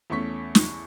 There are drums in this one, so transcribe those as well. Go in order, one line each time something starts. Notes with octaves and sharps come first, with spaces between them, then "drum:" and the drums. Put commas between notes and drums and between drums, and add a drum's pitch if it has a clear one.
E2 A3 C#4 C#6 B6
drum: snare